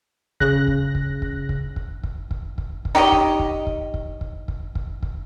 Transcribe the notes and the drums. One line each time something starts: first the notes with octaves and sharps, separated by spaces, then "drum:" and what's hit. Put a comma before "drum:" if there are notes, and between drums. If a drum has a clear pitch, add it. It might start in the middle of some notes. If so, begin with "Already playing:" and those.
C#3 F#6 A#6, drum: kick
drum: kick
drum: kick
drum: kick
drum: kick
drum: kick
drum: kick
drum: kick
drum: kick
drum: kick
D#4 G4 C#5 D#5
drum: kick
drum: kick
drum: kick
drum: kick
drum: kick
drum: kick
drum: kick
drum: kick